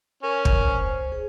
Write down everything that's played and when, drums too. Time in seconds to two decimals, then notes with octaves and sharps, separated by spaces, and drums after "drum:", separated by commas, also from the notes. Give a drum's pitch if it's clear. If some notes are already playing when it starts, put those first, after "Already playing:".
0.23 C#4 A#4
0.45 drum: kick
0.68 C5
1.12 G#4